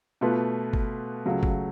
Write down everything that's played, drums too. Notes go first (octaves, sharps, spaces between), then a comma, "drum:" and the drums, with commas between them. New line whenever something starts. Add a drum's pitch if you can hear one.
B2 A3 F4 B4
drum: kick G1
C#2 C#3 F#3 A3
drum: kick G1